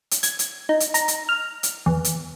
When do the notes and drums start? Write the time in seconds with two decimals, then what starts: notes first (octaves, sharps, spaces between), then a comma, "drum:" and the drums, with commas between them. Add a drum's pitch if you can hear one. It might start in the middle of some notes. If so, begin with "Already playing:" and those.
0.11 drum: hi-hat
0.23 G#6, drum: hi-hat
0.39 drum: hi-hat
0.69 D#4
0.80 drum: hi-hat
0.94 A#5, drum: hi-hat
1.08 drum: hi-hat
1.29 F6
1.63 drum: hi-hat
1.86 E2
2.05 drum: hi-hat